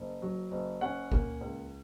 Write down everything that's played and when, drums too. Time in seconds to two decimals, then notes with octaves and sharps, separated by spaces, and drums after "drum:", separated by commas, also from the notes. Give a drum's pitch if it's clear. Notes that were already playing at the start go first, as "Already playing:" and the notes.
Already playing: F#1
0.22 F#3
0.51 F#1
0.81 C#4 F#5
1.12 A#3, drum: kick
1.41 C#2